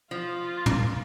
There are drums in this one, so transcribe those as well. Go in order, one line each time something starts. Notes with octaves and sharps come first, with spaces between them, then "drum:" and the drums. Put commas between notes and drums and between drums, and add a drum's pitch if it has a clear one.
F3 F4
drum: tom